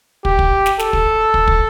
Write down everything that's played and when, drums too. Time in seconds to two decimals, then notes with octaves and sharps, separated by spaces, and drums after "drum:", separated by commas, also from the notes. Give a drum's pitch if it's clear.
0.25 G4, drum: kick
0.39 drum: kick
0.66 drum: snare
0.80 A4, drum: snare
0.93 drum: kick
1.34 drum: kick
1.48 drum: kick